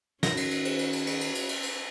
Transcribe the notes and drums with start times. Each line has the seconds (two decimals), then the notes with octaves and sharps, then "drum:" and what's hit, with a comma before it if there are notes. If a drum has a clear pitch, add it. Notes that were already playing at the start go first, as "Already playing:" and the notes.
0.23 D#3 C#4 F#4 C#5 D#5 A#6, drum: snare
0.37 drum: cymbal
0.51 drum: cymbal
0.65 drum: cymbal
0.79 drum: cymbal
0.93 drum: cymbal
1.07 drum: cymbal
1.21 drum: cymbal
1.35 drum: cymbal
1.49 drum: cymbal
1.63 drum: cymbal